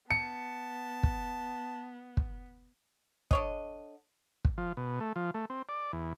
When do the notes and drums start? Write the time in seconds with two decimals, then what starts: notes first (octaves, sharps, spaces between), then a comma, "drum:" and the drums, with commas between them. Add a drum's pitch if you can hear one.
0.11 B3 A5 C#7
1.03 drum: kick
2.17 drum: kick
3.31 D3 C#5 D#5, drum: kick
4.45 drum: kick
4.58 F3
4.77 B2
5.00 A3
5.16 F3
5.34 A3
5.50 C4
5.69 D5
5.93 E2